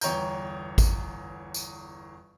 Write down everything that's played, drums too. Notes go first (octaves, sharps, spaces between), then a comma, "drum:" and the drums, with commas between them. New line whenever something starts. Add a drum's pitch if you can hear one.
G1 E2 C#5 G5 A#5 G6, drum: tambourine
drum: kick G#1, tambourine
drum: tambourine